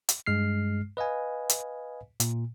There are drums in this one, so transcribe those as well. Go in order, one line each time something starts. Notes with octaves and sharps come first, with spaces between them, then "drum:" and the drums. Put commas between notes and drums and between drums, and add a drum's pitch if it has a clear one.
drum: hi-hat
G2 G#3 F6 C7
B4 D#5 F5 G#5
drum: hi-hat
A#2, drum: hi-hat